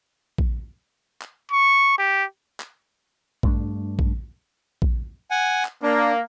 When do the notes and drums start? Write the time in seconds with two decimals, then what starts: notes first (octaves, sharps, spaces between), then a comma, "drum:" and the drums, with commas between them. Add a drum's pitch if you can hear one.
0.38 drum: kick A#1
1.22 drum: clap
1.51 C#6
1.98 G4
2.60 drum: clap
3.43 G2 A3 D4, drum: kick A#1
3.99 drum: kick A#1
4.82 drum: kick A#1
5.31 F#5 G#5
5.65 drum: clap
5.83 A#3 D4